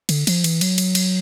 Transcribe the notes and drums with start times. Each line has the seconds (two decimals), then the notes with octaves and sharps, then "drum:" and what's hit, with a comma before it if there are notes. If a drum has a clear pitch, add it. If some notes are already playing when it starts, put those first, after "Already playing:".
0.09 D3, drum: cymbal
0.27 F3, drum: cymbal
0.44 E3, drum: cymbal
0.61 F#3, drum: cymbal
0.78 drum: cymbal
0.95 drum: cymbal